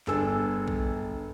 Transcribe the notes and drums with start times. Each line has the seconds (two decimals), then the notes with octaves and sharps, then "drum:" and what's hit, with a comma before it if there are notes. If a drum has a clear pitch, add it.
0.07 G1 D4 G#4 A4 G#5 E6, drum: snare
0.68 drum: kick A#1